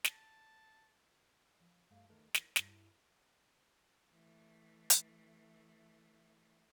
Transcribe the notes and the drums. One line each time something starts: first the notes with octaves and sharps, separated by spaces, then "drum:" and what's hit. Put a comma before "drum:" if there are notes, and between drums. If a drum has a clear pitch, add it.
A5, drum: snare
F3
G2 A3 D5 F5
D#2 A3 D#4 A#4 B4 D#5
E4 A#4 C#5, drum: snare
G2 E4 A#5, drum: snare
E3 A3
drum: hi-hat